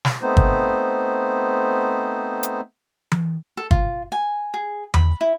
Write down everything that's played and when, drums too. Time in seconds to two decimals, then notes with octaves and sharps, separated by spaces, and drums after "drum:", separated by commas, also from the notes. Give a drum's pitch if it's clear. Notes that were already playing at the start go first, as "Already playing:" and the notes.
0.05 drum: snare
0.22 A3 B3 C4 D#4 C5
0.37 drum: kick G1
2.43 drum: hi-hat
3.12 drum: tom E3
3.57 A4
3.71 F4, drum: kick G1
4.12 G#5
4.54 G#4
4.94 B5, drum: tom E2
5.21 E4